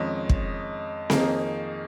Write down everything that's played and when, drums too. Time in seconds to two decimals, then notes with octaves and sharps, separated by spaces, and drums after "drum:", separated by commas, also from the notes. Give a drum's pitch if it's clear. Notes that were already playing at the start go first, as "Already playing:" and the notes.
Already playing: F2 D#3 G#3 C#4
0.29 drum: kick
1.10 F2 D#3 A#3 D#4 G#4, drum: snare C4